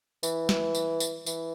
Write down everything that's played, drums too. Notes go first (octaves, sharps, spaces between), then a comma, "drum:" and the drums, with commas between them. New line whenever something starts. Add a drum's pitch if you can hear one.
E3, drum: tambourine
drum: snare
drum: tambourine
drum: tambourine
E3, drum: tambourine